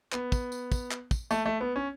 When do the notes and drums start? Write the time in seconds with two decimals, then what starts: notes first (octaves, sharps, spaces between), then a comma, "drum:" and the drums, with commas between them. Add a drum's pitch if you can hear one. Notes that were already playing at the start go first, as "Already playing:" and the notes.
0.12 B3, drum: clap
0.32 drum: kick, tambourine
0.52 drum: tambourine
0.72 drum: kick, tambourine
0.91 drum: clap
1.11 drum: kick, tambourine
1.31 A3, drum: tambourine
1.46 A3
1.61 B3
1.76 C#4